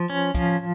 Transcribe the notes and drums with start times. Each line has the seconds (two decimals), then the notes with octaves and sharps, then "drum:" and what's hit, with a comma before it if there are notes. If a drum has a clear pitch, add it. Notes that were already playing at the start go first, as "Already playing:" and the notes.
Already playing: F3
0.10 C#4
0.34 F3, drum: kick, hi-hat